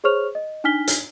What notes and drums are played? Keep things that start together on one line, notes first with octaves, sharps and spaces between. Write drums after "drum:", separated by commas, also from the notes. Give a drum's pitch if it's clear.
G#4 C5 C#5 C#6 F6 F7
D#5
D4 D#4 G#5 F6 B6 G7
drum: hi-hat